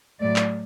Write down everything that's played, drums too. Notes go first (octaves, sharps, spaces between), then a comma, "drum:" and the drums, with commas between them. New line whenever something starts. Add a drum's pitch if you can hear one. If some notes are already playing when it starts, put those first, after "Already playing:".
A2 F#3 A3 D5
drum: clap